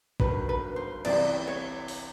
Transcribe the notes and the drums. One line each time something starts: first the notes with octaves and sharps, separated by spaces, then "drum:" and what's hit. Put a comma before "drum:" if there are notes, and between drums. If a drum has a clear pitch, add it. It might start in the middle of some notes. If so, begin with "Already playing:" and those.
G1 G2 D#3 F#3 B4, drum: kick
B4
C5
C2 C3 E3 G3 C4 D5, drum: cymbal
C#5
drum: open hi-hat